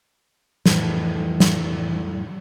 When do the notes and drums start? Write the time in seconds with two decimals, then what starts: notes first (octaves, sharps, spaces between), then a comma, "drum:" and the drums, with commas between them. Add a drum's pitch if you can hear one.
0.66 F2 A2 E3, drum: snare
1.40 drum: snare